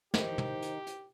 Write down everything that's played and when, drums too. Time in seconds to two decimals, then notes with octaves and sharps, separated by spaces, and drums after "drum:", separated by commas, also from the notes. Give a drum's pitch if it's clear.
0.14 D#3 D#4 G4 C5, drum: snare
0.38 drum: tom
0.62 drum: hi-hat
0.87 drum: hi-hat